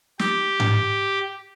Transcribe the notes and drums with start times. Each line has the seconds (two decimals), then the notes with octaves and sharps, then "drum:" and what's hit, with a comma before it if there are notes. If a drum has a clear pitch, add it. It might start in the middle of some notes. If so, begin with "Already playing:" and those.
0.19 G4, drum: snare
0.60 drum: tom G#2